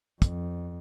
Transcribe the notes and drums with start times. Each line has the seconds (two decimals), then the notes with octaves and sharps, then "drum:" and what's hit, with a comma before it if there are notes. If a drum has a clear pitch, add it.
0.22 F2, drum: kick, hi-hat